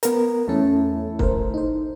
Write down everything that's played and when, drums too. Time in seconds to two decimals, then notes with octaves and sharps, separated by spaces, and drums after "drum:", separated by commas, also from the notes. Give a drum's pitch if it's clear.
0.03 B3 A#4, drum: hi-hat
0.48 E2 A3 C#4 E4 A4
1.19 A#4 C5, drum: kick
1.54 D#4 C5